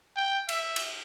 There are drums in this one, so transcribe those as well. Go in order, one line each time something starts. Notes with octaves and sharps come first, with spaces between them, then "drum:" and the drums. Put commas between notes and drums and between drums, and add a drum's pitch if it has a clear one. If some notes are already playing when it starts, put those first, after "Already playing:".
G5
E5, drum: cymbal
drum: cymbal